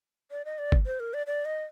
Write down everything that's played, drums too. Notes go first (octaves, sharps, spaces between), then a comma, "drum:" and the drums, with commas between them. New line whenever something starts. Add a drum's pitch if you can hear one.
D5
D#5
D5
drum: kick G1
C5
A#4
D5
D5
D#5